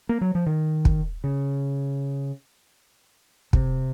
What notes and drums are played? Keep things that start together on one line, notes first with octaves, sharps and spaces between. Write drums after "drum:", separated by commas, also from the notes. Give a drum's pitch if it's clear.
A#3
F#3
F3
D#3
drum: kick
C#3
C3, drum: kick